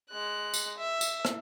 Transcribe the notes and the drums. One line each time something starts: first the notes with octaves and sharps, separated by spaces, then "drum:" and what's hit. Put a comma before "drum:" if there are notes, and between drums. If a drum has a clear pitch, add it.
G#3 F#6
drum: tambourine
E5
drum: tambourine
drum: rim click